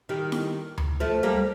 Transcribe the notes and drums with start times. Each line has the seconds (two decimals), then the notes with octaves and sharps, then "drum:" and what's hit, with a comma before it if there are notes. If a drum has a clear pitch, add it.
0.09 D#3 G3
0.32 drum: snare E4
0.78 drum: tom D2
1.00 F3 A3
1.23 G3 A#3